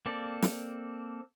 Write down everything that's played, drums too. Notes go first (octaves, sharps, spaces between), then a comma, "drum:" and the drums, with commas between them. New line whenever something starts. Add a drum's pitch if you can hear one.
A#3 C4 A4 D5
drum: snare